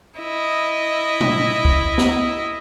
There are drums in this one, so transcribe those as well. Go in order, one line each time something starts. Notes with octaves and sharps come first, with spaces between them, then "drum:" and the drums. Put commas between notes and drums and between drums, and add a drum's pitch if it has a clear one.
E4 D#5
drum: tom
drum: kick
drum: snare